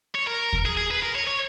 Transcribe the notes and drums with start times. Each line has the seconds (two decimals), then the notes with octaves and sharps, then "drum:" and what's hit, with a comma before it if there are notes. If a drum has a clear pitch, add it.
0.15 C#5
0.27 A#4
0.53 drum: kick D#2
0.65 G#4
0.77 G#4
0.91 B4
1.03 A#4
1.15 C#5
1.27 C#5